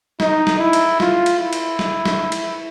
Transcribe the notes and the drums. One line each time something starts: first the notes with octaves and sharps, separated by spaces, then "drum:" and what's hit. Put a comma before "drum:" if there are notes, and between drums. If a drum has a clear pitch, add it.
D#4, drum: snare
drum: snare
E4
drum: cymbal
F4, drum: snare
drum: cymbal
E4
drum: cymbal
drum: snare
drum: snare
drum: cymbal